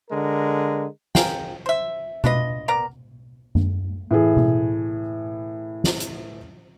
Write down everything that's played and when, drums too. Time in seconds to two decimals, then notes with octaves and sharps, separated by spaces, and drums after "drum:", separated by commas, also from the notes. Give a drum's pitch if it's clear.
0.10 D3 G#3 A#4
1.15 G#4 A#4 F5 G5, drum: snare
1.66 C5 E5
2.24 D4 F4 B4 D#5, drum: tom B2
2.68 B3 A#4 D5 A#5
3.55 drum: tom F#2
4.11 A2 E3 G#4
4.37 drum: tom B2
5.84 drum: snare
6.00 drum: hi-hat